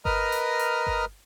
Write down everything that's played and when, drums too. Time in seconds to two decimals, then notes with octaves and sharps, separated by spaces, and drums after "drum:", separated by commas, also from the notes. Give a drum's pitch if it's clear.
0.05 A#4 B4 D#5 A#5 D#6 F6, drum: kick G1
0.32 drum: hi-hat
0.59 drum: hi-hat
0.87 drum: kick G1